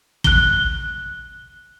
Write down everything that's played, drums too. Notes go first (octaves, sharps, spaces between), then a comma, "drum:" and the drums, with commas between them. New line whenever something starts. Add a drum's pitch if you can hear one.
F#6 G7, drum: kick